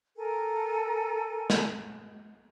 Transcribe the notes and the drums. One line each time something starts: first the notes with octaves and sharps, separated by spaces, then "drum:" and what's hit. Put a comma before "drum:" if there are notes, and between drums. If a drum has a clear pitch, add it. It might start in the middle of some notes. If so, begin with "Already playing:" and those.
A4 A#4 G#5
drum: snare